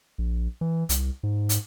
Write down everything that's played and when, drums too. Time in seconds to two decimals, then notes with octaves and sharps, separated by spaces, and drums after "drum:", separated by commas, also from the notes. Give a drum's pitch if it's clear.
0.18 A#1
0.61 E3
0.89 C2, drum: hi-hat
1.23 G#2
1.49 drum: hi-hat